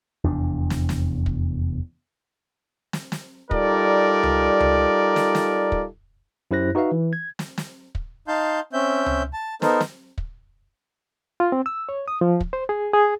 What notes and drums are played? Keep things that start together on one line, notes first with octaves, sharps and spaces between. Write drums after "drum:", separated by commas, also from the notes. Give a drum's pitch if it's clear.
F1 E2 D4
drum: snare
drum: snare
drum: kick
drum: snare
drum: snare
G3 D#4 F4 A4 A#4 D5, drum: kick
drum: tom C#2
drum: tom C#2
drum: snare
drum: snare
drum: kick
F#2 E4 G4 C5 F#6 A#6
D#4 F#4 B4 E5 F5
E3
G#6
drum: snare
drum: snare
drum: kick
D#4 F5 A5 C6 G6
C4 C#4 E5 G6
drum: tom C#2
A5
B3 D#4 A4 A#4 C5, drum: snare
drum: snare
drum: kick
F4
C4
E6
C#5
D#6
F3
drum: kick
C5
G#4
G#4